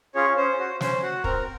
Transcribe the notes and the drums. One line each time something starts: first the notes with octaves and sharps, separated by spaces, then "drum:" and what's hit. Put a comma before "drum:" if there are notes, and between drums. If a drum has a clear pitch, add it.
C#4 F4 G#4 C#5
C#4 C5
F#4
C#4 C5, drum: snare
F#4 F#5
C4 A#4 A#5, drum: kick